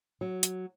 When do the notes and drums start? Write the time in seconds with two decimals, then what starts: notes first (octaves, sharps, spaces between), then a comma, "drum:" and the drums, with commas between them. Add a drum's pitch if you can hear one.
0.21 F#3
0.43 drum: hi-hat